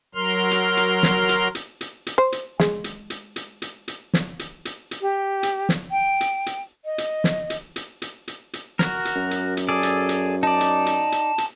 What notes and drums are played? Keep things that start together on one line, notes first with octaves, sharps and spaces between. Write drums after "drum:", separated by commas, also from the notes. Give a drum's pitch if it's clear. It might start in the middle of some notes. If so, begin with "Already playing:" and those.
F#3 A#4 C6 F6
drum: hi-hat
drum: hi-hat
drum: snare
drum: hi-hat
drum: hi-hat
drum: hi-hat
drum: hi-hat
C5
drum: hi-hat
G#3, drum: snare
drum: hi-hat
drum: hi-hat
drum: hi-hat
drum: hi-hat
drum: hi-hat
drum: snare
drum: hi-hat
drum: hi-hat
drum: hi-hat
G4
drum: hi-hat
drum: snare
G5
drum: hi-hat
drum: hi-hat
D#5
drum: hi-hat
drum: snare
drum: hi-hat
drum: hi-hat
drum: hi-hat
drum: hi-hat
drum: hi-hat
F#4 A#4, drum: snare
drum: hi-hat
F#2
drum: hi-hat
drum: hi-hat
G#4 A4 D5
drum: hi-hat
drum: hi-hat
D#4 D5 A5
drum: hi-hat
drum: hi-hat
drum: hi-hat
drum: hi-hat